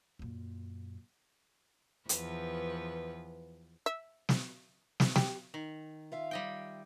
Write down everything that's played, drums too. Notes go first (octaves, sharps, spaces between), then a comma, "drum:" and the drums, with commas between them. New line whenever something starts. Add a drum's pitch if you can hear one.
F#2 A#2
E2 F3 B4, drum: hi-hat
E5
drum: snare
drum: snare
G4, drum: snare
D#3
F4 E5 F5
G3 D#5 G5